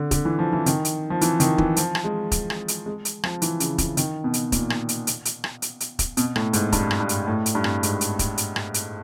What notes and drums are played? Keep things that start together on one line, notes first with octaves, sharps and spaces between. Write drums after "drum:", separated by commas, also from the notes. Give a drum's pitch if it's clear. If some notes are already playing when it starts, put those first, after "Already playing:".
Already playing: D3
D3, drum: kick, hi-hat
E3
F3
E3
D#3, drum: hi-hat
drum: hi-hat
F3
E3, drum: hi-hat
D#3, drum: hi-hat
E3, drum: kick
F3, drum: hi-hat
drum: rim click
G#3
drum: kick, hi-hat
drum: rim click
drum: hi-hat
G#3
drum: hi-hat
F3, drum: rim click
E3, drum: hi-hat
C#3, drum: hi-hat
C#3, drum: kick, hi-hat
D#3, drum: hi-hat
B2
drum: hi-hat
A#2, drum: kick, hi-hat
drum: rim click
drum: hi-hat
drum: hi-hat
drum: hi-hat
drum: rim click
drum: hi-hat
drum: hi-hat
drum: kick, hi-hat
B2, drum: hi-hat
A2, drum: rim click
G#2, drum: hi-hat
G2, drum: kick, hi-hat
drum: rim click
G2
drum: hi-hat
A2
drum: hi-hat
G2
drum: rim click
G#2, drum: hi-hat
drum: hi-hat
drum: kick, hi-hat
drum: hi-hat
drum: rim click
drum: hi-hat